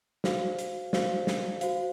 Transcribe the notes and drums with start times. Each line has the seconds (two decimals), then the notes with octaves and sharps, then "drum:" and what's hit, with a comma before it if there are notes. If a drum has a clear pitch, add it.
0.24 F#4 C5 F5, drum: snare
0.59 drum: hi-hat
0.93 F#4 C5 F5, drum: snare
1.27 drum: snare
1.61 F#4 C5 F5, drum: hi-hat